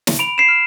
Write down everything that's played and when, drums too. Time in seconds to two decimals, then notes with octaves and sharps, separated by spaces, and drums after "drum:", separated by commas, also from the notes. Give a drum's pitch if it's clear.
0.07 drum: snare
0.19 B5 D7 F7
0.38 C7 E7
0.48 F6